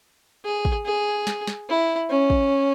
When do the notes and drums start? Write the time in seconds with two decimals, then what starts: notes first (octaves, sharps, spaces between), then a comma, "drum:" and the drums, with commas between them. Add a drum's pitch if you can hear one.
0.45 G#4
0.65 drum: kick
0.85 G#4
1.27 drum: snare
1.47 drum: snare
1.69 E4
2.10 C#4
2.30 drum: kick